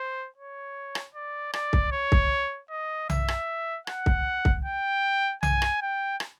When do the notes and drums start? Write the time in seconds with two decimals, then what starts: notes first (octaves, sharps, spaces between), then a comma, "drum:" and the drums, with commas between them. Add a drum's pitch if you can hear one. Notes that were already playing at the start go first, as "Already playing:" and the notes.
Already playing: C5
0.37 C#5
0.95 drum: rim click
1.14 D5
1.53 D5, drum: rim click
1.73 drum: kick C2
1.92 C#5
2.12 drum: kick C2
2.70 D#5
3.10 E5, drum: tom B1
3.28 drum: rim click
3.87 F#5, drum: rim click
4.06 drum: kick C2
4.45 drum: kick C2
4.65 G5
5.43 G#5, drum: tom B1
5.62 drum: rim click
5.82 G5
6.20 drum: rim click